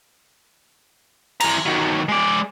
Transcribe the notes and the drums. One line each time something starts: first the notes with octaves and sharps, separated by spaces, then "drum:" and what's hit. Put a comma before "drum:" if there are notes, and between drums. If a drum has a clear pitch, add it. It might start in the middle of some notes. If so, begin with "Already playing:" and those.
E3 A#5, drum: cymbal
D#3 F#3
G#3 D5